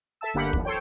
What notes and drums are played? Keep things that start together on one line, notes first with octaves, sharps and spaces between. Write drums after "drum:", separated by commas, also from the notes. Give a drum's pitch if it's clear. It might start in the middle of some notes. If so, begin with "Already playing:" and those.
A4 E5 A5 E6
G1 D3 A#3 G4 F#5 B5
G1 D#2 F3, drum: kick
A4 C5 C#5 G5